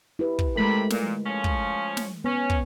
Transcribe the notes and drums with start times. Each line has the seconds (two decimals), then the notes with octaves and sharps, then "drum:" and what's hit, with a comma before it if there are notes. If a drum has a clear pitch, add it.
0.19 E4 G4 B4
0.39 drum: kick
0.56 C3 G#3 A3 A#4 B5
0.90 A#2, drum: snare
1.25 F3 C#4
1.44 drum: kick
1.97 drum: snare
2.24 B3 C#4
2.50 drum: kick